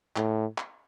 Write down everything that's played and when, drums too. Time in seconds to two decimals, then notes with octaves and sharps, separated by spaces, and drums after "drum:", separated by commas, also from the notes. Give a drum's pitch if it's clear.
0.16 A2, drum: clap
0.58 drum: clap